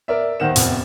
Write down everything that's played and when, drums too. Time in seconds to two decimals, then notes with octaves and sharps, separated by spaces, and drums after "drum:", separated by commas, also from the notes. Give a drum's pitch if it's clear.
0.08 A#4 D5 E5
0.40 D#2 D#3 C5 F#5 E7
0.56 F1 F2 B3, drum: hi-hat